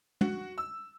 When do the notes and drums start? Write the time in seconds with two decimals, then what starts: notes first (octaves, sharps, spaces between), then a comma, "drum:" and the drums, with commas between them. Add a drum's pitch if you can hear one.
0.21 F#4, drum: tom
0.58 E6